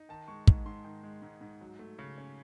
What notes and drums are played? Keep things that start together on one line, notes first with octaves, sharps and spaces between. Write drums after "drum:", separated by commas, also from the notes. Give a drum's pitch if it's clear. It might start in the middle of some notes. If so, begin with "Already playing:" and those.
Already playing: D#4
D#3 A5
G#3 C#6
G#2, drum: kick
G#2 C6
D#3
G#3
G#2
G#2
F#3
A3
C#3
C#4